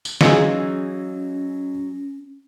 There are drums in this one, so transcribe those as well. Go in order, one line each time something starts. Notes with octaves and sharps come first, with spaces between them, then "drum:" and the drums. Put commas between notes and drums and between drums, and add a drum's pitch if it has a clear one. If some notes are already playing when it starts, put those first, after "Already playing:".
drum: tambourine
E3 F#3 C#4 D#4 F4 F#4 G#4, drum: snare